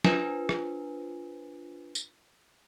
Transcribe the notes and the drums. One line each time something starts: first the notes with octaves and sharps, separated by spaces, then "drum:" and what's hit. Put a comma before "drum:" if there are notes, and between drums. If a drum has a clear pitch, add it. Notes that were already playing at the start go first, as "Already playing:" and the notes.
D4 F4 B4 C5 G#5, drum: snare
drum: rim click
drum: tambourine